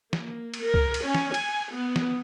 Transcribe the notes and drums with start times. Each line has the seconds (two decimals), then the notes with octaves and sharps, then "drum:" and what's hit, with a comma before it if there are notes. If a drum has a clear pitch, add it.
0.13 A#3, drum: snare
0.54 drum: cymbal
0.64 A#4
0.74 drum: kick
0.94 drum: cymbal
1.03 C#4
1.15 drum: snare
1.34 G#5, drum: cymbal
1.72 B3
1.96 drum: snare